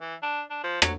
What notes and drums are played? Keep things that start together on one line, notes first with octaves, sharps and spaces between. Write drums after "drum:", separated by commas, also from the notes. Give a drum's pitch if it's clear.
E3
D4
D4
F3
F#3, drum: rim click